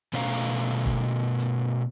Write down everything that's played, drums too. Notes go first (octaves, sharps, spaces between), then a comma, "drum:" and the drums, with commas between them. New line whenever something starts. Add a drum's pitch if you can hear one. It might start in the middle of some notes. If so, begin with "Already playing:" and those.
B2 A3 C#4 C5 F5 A#5
drum: hi-hat
drum: kick
drum: hi-hat